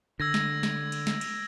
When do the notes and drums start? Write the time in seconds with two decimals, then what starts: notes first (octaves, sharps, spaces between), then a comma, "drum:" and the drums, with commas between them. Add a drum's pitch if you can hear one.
0.20 D3 E6 G#6 A#6
0.34 drum: snare
0.63 drum: snare
0.92 drum: cymbal
1.07 drum: snare
1.21 drum: cymbal